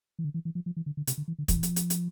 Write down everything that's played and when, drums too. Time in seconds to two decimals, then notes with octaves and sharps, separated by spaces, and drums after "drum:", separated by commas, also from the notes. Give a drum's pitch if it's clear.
0.19 E3
0.25 D3
0.34 E3
0.45 E3
0.55 F3
0.66 F3
0.77 E3
0.86 D3
0.97 D3
1.07 C3, drum: hi-hat
1.18 D3
1.28 E3
1.39 D3
1.48 F3, drum: kick, hi-hat
1.56 E3
1.63 F3, drum: hi-hat
1.76 drum: hi-hat
1.90 drum: hi-hat